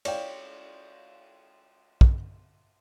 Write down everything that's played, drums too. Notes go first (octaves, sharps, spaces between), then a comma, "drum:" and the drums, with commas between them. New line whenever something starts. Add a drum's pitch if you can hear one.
C#5 D5 F5 G5, drum: cymbal
drum: kick